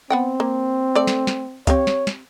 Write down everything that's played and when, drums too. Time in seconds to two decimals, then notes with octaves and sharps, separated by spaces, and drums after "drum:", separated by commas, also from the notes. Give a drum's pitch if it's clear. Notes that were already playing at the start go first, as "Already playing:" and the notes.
0.10 B3 C4 F#5 G5
0.40 A#3
0.95 A3 A4 D5
1.07 drum: snare
1.27 drum: snare
1.67 C4 G4 C#5 F5, drum: kick C#2, hi-hat
1.87 drum: snare
2.07 drum: snare